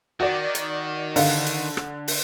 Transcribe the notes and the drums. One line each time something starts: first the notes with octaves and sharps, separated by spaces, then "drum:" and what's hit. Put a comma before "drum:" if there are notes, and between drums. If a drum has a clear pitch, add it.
D#3 F#4 D5
drum: hi-hat
D3 G4 F5 F#5, drum: open hi-hat
drum: hi-hat
drum: rim click
drum: open hi-hat